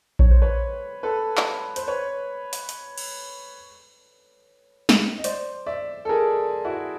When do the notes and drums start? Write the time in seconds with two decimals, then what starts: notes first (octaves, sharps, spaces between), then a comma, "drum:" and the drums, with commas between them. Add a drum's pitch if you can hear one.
0.19 C#5, drum: kick A#1
0.31 C5
0.42 B4 C#5
1.03 A4 B4
1.37 drum: clap
1.76 C5, drum: hi-hat
1.88 B4 C#5
2.53 drum: hi-hat
2.69 drum: hi-hat
2.98 drum: cymbal
4.89 drum: snare
5.18 D#5
5.24 C5 D5, drum: hi-hat
5.66 D5 E5
6.05 A4
6.09 G#4 A#4
6.65 E4 F#4